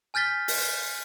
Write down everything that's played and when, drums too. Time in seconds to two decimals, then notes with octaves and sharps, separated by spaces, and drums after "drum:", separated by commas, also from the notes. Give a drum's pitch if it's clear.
0.14 G#5 F6 G6 A6 B6 G7
0.48 drum: open hi-hat